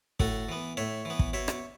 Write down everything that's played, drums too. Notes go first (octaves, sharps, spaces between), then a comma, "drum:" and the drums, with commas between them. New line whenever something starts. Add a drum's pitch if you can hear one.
A2 F#4 A4, drum: kick
E3 B3
A2 C#5 E5
E3 B3
drum: kick
B2 C#5 E5
drum: rim click